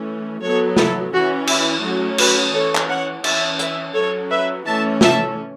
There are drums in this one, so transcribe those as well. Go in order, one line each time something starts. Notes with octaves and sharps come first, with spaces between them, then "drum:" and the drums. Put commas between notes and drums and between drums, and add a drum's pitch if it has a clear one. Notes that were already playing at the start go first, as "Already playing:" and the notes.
Already playing: E3 A3 C#4
F#3 B3 A4 C#5
E4 A4, drum: snare
E3 C#4 F#4
E4, drum: cymbal
F#3 A3 C#4 F#4
F#4 B4, drum: cymbal
E3 C#4 A4 C#5
drum: clap
C#5 F#5
E3 C#4 E5 A5, drum: cymbal
B4 E5, drum: hi-hat
F#3 C#4 A4 C#5
B4 E5
E3 A3 C#4 E5 A5
E5 A5, drum: snare